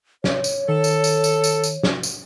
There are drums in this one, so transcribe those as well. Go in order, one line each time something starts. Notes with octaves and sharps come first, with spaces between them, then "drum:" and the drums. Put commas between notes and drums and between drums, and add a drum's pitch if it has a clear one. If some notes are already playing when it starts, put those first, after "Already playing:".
C#5, drum: snare
drum: tambourine
D#3 A4
drum: tambourine
drum: tambourine
drum: tambourine
drum: tambourine
drum: tambourine
drum: snare
drum: tambourine